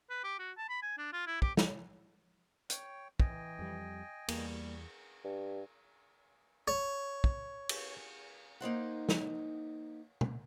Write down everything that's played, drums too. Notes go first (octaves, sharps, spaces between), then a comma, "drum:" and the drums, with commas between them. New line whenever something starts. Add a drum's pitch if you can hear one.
B4
G4
F#4
A5
B5
G#5
D4
F4
E4
G4, drum: kick
drum: snare
C#5 G5, drum: hi-hat
E3 D#5 G5 G#5, drum: kick
F2 G3
E2 G3 A#3, drum: cymbal
G2
C#5
drum: kick
drum: cymbal
A#3 D#4 C5 F#5
drum: snare
drum: tom